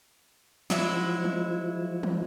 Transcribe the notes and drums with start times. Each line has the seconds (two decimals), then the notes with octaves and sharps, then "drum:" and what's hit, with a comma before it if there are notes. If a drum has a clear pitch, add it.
0.70 F3 F#3 G#3 E4, drum: snare
1.25 drum: tom F3
2.03 drum: tom E3